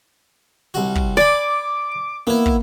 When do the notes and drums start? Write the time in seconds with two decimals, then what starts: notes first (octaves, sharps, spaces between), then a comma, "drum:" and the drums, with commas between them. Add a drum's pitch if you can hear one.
0.74 C2 F#4
0.95 drum: kick
1.17 D5 G#5 B5 D6
2.27 A#3 B3 E4
2.46 drum: kick